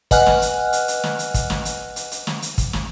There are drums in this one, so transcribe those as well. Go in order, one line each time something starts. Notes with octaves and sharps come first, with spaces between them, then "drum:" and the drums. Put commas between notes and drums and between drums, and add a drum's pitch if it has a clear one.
B4 D#5 F#5 G#5 F6 F#6, drum: kick, hi-hat
drum: snare
drum: hi-hat
drum: hi-hat
drum: hi-hat
drum: snare
drum: hi-hat
drum: kick, hi-hat
drum: snare
drum: hi-hat
drum: hi-hat
drum: hi-hat
drum: snare
drum: hi-hat
drum: kick, hi-hat
drum: snare